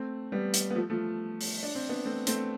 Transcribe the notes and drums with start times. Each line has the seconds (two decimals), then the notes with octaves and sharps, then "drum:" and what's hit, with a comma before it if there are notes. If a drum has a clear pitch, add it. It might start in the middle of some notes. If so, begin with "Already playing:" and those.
Already playing: A3 C4
0.32 G3 B3
0.54 drum: hi-hat
0.70 B3
0.75 F3 A3
0.90 F3 A3
1.41 drum: open hi-hat
1.63 D4
1.75 C4
1.89 B3 D4
2.05 A3 C4
2.27 A3 C4, drum: hi-hat